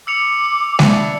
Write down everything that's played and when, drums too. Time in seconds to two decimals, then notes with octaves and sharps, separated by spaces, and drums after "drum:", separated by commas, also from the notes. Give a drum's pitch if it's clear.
0.07 D6 E6 C#7 F7
0.79 D4 E4, drum: snare G#3